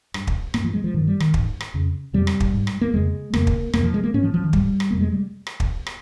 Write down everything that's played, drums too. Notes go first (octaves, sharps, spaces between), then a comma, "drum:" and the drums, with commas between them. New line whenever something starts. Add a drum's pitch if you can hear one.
G2, drum: rim click
drum: kick
G2 A#3, drum: rim click
F3
G#3
F3
G2 D#3
G3
D#3, drum: rim click
G#2, drum: kick
drum: rim click
F2 C#3
F2 C3 G3
drum: rim click
drum: kick
G#2
drum: rim click
A#3
F2 C#3 G#3
F2 C#3 A#3, drum: rim click
drum: kick
F2 C3 A#3, drum: rim click
F3
G#3
A#3
G#2 C#4
F3
F3
D#3
G#2 G3, drum: kick
drum: rim click
F2 C3 A#3
G#3
G3
drum: rim click
drum: kick
drum: rim click